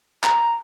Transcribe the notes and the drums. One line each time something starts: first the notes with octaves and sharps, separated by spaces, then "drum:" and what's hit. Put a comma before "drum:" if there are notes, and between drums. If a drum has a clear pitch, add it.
A#5, drum: clap